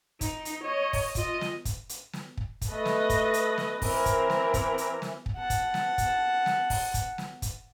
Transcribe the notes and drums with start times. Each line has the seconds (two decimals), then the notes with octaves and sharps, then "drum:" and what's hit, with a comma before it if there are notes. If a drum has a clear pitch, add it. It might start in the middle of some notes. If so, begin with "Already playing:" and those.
0.21 D#4, drum: kick, hi-hat
0.45 drum: hi-hat
0.63 C#5 D#5
0.93 drum: kick, open hi-hat
1.15 F4 D#5, drum: kick, hi-hat
1.41 drum: snare
1.65 drum: kick, hi-hat
1.89 drum: hi-hat
2.13 drum: snare
2.37 drum: kick
2.61 drum: kick, hi-hat
2.71 A3 B4 D#5
2.86 drum: snare
3.10 drum: kick, hi-hat
3.34 drum: hi-hat
3.58 drum: snare
3.82 E3 C4 A#4, drum: kick, open hi-hat
4.06 drum: kick, hi-hat
4.30 drum: snare
4.54 drum: kick, hi-hat
4.78 drum: hi-hat
5.02 drum: snare
5.26 drum: kick
5.37 F#5 A5
5.50 drum: kick, hi-hat
5.74 drum: snare
5.98 drum: kick, hi-hat
6.46 drum: snare
6.70 drum: kick, open hi-hat
6.94 drum: kick, hi-hat
7.18 drum: snare
7.42 drum: kick, hi-hat